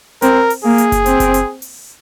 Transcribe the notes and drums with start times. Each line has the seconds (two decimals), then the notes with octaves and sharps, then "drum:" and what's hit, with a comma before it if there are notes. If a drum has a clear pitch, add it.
0.22 C4 A#4, drum: hi-hat
0.50 drum: open hi-hat
0.64 A#3 G#4
0.78 drum: hi-hat
0.92 drum: kick F#1, hi-hat
1.06 C4, drum: hi-hat
1.20 drum: kick F#1, hi-hat
1.34 drum: hi-hat
1.62 drum: open hi-hat